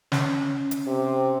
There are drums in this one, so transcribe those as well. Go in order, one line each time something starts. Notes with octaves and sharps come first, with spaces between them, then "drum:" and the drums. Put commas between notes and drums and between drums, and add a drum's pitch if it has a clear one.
C#4, drum: snare
drum: hi-hat
C3